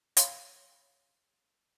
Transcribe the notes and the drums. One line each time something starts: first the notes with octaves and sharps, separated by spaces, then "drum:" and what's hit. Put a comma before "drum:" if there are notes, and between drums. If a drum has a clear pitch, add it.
C#5 F5 B5 C6, drum: hi-hat